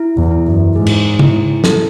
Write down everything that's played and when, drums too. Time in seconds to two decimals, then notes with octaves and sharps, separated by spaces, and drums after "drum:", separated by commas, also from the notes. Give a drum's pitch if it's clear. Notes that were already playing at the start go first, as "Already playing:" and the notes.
Already playing: E4
0.17 E2
0.31 E4
0.46 F#2
0.76 G#2 G#4
0.87 drum: cymbal
1.19 E4, drum: tom C#3
1.64 A4, drum: snare